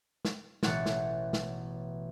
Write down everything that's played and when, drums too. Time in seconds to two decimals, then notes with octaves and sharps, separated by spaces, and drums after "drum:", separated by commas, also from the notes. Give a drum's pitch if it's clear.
0.25 drum: snare
0.63 A1 B2 E3 C#5 F#5 A6, drum: snare
0.86 drum: snare
1.33 drum: snare